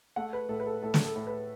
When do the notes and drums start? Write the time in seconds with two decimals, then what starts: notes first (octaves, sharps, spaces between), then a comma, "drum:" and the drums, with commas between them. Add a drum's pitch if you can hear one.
0.16 A3 F#5
0.33 B4
0.49 A2 A4
0.60 B4
0.66 A4
0.82 A2 A4
0.94 drum: snare
1.05 A4
1.16 A2
1.27 B4